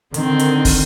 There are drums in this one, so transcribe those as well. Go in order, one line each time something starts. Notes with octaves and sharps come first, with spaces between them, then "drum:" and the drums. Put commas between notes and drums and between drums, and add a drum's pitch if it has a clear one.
D3 D#3 C4, drum: hi-hat
drum: hi-hat
drum: kick, open hi-hat